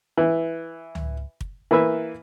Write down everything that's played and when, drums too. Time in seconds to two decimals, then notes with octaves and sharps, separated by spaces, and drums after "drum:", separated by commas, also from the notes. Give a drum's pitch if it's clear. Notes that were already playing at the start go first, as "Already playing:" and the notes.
0.17 E3
0.95 drum: tom C#2
1.41 drum: kick
1.71 E3 A#3 B4 E5